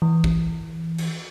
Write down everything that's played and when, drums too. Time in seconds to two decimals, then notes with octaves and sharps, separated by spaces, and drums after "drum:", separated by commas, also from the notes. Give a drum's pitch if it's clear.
0.02 E3
0.24 drum: kick
0.98 drum: cymbal